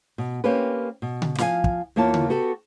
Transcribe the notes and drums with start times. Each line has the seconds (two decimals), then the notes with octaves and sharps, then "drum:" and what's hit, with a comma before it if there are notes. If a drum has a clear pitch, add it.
0.18 B2
0.44 A#3 C4 C#4 G4 B4
1.02 B2
1.22 drum: tom C#3
1.38 F3 F5 G#5, drum: snare
1.64 drum: kick
1.96 E2 A#3 F4 C#5 A5
2.14 drum: tom C#3
2.29 B3 F#4 G4 A4